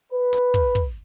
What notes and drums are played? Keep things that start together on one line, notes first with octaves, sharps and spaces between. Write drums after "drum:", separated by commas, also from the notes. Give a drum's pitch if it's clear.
B4
drum: hi-hat
drum: kick
drum: kick